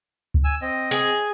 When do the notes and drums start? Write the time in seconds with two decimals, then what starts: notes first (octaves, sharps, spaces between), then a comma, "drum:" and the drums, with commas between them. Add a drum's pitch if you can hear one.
0.34 drum: kick
0.44 G#5 E6
0.62 C4 D#5
0.91 G#4